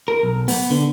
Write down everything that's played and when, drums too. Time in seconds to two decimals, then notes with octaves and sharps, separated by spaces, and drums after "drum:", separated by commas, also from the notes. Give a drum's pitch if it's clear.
0.08 A#4
0.23 B1
0.48 B3, drum: open hi-hat
0.70 D3